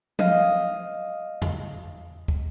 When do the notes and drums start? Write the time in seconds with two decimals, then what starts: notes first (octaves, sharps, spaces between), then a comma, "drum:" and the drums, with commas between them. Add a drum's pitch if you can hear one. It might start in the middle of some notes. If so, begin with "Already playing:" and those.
0.19 D#5 F5, drum: tom F3
1.42 drum: tom E2
2.28 drum: kick